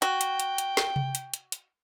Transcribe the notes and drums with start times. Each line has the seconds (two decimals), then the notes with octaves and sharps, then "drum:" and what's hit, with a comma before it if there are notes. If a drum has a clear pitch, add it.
0.02 F#4 G5, drum: hi-hat
0.21 drum: hi-hat
0.40 drum: hi-hat
0.58 drum: hi-hat
0.77 drum: snare
0.96 drum: tom C3
1.15 drum: hi-hat
1.34 drum: hi-hat
1.52 drum: hi-hat